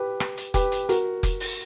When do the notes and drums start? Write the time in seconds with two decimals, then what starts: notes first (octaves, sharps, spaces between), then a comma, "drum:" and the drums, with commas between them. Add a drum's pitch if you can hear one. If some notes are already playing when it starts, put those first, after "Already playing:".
Already playing: G4 B4
0.20 drum: rim click
0.37 drum: hi-hat
0.54 G4 B4, drum: kick F1, hi-hat
0.72 drum: hi-hat
0.89 F#4 A#4, drum: hi-hat
1.23 drum: kick F1, hi-hat
1.40 drum: open hi-hat